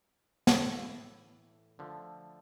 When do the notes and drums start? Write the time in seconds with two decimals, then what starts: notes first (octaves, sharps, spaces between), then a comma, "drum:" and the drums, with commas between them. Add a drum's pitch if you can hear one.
0.47 A2 E3 A3 E4, drum: snare
1.79 D3 F3 A3